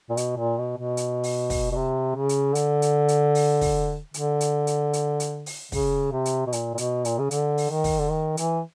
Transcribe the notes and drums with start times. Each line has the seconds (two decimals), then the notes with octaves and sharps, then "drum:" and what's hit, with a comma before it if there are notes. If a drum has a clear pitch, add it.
0.09 A#2
0.17 B2, drum: hi-hat
0.37 A#2
0.58 B2
0.78 B2
0.97 drum: hi-hat
1.23 drum: open hi-hat
1.50 drum: kick, open hi-hat
1.72 B2
1.76 C3
2.16 C#3
2.29 drum: hi-hat
2.55 D3, drum: hi-hat
2.82 drum: hi-hat
3.08 drum: hi-hat
3.35 drum: open hi-hat
3.61 drum: kick, open hi-hat
4.14 D3, drum: hi-hat
4.41 drum: hi-hat
4.67 drum: hi-hat
4.93 drum: hi-hat
5.20 drum: hi-hat
5.46 drum: open hi-hat
5.72 C#3, drum: kick, open hi-hat
6.12 C3
6.25 drum: hi-hat
6.47 B2
6.52 A#2, drum: hi-hat
6.74 A#2
6.78 B2, drum: hi-hat
7.05 A#2, drum: hi-hat
7.19 C#3
7.31 D3, drum: hi-hat
7.58 drum: open hi-hat
7.70 D#3
7.84 drum: kick, open hi-hat
7.99 D3
8.10 D#3
8.37 E3, drum: hi-hat